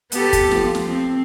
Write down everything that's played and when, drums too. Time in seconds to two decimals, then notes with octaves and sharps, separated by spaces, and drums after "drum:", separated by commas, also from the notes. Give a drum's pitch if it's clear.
0.12 B3 G4 A4, drum: hi-hat
0.33 drum: kick, hi-hat
0.51 F3, drum: snare
0.75 drum: snare
0.88 C4